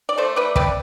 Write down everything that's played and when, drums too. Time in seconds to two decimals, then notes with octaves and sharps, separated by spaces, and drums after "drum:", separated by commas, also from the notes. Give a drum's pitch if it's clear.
0.09 D5
0.18 A3 A4 C5
0.36 B4 D5
0.56 C4 B4 D5, drum: kick